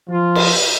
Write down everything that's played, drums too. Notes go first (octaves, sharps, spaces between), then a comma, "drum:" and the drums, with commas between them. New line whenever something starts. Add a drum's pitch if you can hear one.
F3 F4
drum: cymbal